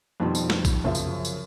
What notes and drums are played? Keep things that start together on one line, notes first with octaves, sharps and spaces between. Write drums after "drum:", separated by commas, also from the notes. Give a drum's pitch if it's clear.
F2 B2 D#3 F3 G3 C4
drum: tambourine
drum: snare
drum: kick A#1, tambourine
F#2 C#3 F3 E5
drum: tambourine
drum: tambourine